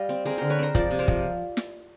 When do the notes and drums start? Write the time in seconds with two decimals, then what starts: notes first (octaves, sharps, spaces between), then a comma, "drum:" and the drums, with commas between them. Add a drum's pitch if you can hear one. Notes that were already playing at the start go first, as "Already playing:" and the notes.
Already playing: G3 D#5 F5
0.09 C4
0.25 C4 G#4 A#4
0.38 D3 A#4 C5
0.50 B4 C#5
0.59 C4 A#4 C5
0.75 F3 C5 D5, drum: kick
0.91 C3
0.99 A#4 C5
1.08 F3, drum: kick
1.57 drum: snare